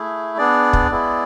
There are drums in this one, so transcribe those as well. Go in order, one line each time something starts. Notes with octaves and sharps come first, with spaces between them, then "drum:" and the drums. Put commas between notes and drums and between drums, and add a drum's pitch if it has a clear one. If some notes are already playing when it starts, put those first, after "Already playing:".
Already playing: A3 E4 G#4
B3 D4 G#4 D5
drum: kick
G#3 B3 E4 G#4